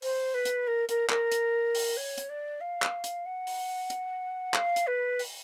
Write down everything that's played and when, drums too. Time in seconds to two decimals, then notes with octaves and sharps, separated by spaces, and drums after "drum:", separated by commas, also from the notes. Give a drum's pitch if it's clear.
0.02 C5, drum: open hi-hat
0.34 B4
0.45 drum: hi-hat
0.67 A#4
0.89 A#4, drum: hi-hat
1.10 A#4, drum: clap
1.32 drum: hi-hat
1.75 drum: open hi-hat
1.97 C#5
2.18 drum: hi-hat
2.29 D5
2.60 F5
2.82 drum: clap
3.04 drum: hi-hat
3.25 F#5
3.47 drum: open hi-hat
3.90 drum: hi-hat
4.54 F5, drum: clap
4.76 drum: hi-hat
4.87 B4
5.19 drum: open hi-hat